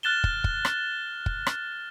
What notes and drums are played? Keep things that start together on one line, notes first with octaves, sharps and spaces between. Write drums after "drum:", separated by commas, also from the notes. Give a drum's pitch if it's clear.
F6 F#6 A6 E7 G7
drum: kick
drum: kick
drum: rim click
drum: kick
drum: rim click